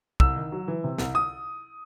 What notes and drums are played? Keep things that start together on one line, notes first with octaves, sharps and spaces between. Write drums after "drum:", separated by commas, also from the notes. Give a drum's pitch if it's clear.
C2 E6, drum: kick
D#3
F#3
E3
C3
C2, drum: snare
D#6